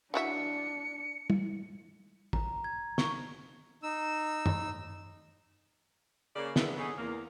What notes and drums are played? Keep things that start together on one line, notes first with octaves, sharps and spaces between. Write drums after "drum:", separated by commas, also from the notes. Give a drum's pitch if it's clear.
D4 E4 F#4 E5 C#7
drum: tom
A#5, drum: kick
G#6
C#6, drum: snare
D#4 E6
drum: tom
C#3 A#3 D5
C#3 E3 G#3 B3 D4 E4, drum: snare
B3 C#4 D#4 G#4 A4 C#5
E2 A#3